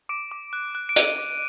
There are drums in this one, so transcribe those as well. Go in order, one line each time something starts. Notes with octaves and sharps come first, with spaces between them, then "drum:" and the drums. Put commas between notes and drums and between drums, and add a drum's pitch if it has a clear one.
D6 D7
D6
F#6
F#6
D7
F#6 D#7, drum: hi-hat
D6